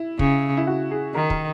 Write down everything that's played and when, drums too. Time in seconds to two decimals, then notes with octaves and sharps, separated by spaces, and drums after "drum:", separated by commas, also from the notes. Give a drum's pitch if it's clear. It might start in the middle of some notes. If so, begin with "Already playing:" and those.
Already playing: E4
0.19 C#3, drum: kick
0.57 E4
0.67 F#4
0.91 G#4
1.15 D#3 A#4
1.30 A#4, drum: kick